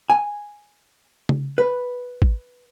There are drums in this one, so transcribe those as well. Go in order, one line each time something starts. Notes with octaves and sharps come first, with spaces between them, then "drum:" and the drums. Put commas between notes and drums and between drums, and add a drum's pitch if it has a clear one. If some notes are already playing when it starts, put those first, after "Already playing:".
G#5
drum: tom C#3
B4
drum: kick G#1